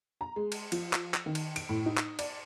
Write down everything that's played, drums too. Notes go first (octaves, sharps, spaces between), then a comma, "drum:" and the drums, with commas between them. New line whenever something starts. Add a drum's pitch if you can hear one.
A#5
G#3
drum: cymbal
F3, drum: cymbal
drum: clap
drum: clap
D#3
drum: cymbal
D7, drum: cymbal
A2
D#4
drum: clap
D5, drum: cymbal